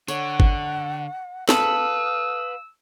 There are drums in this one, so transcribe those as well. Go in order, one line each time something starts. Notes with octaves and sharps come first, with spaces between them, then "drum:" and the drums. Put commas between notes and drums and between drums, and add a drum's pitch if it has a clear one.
D3 C#5 F#5, drum: tambourine
drum: kick G#1
A4 B4 F5 E6, drum: snare